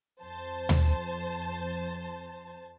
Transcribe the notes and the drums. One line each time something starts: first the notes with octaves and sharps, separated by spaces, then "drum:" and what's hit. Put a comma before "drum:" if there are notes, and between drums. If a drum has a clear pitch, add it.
F2 C5 A5
drum: tom D#2